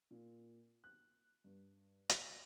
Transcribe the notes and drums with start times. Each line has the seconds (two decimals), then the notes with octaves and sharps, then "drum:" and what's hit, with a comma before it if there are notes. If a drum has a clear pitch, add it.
0.11 A#2
0.84 F#6
1.44 G2
2.10 A#6, drum: hi-hat